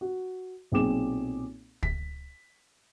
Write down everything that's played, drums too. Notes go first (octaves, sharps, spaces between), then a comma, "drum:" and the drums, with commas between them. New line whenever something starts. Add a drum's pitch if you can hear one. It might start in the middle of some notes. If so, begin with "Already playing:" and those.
F#4
B1 A#2 C4 G#4 D6 E7
B6, drum: kick